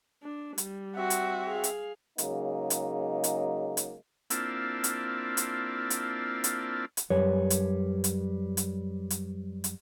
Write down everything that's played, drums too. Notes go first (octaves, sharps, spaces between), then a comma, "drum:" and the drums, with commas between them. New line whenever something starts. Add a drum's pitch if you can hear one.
D4
G3, drum: hi-hat
C4 F#4 E5
drum: hi-hat
G#4 F5
drum: hi-hat
C#3 F#3 G#3 A#3 D#4, drum: hi-hat
drum: hi-hat
drum: hi-hat
drum: hi-hat
A#3 C4 D4 E4 F4 A5, drum: hi-hat
drum: hi-hat
drum: hi-hat
drum: hi-hat
drum: hi-hat
drum: hi-hat
F#2 G3 B4 C#5
drum: hi-hat
drum: hi-hat
drum: hi-hat
drum: hi-hat
drum: hi-hat